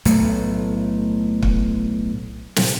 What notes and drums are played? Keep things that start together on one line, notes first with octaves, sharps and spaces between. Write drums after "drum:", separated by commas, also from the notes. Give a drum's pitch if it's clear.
B1 A2 A3, drum: hi-hat
drum: kick
drum: snare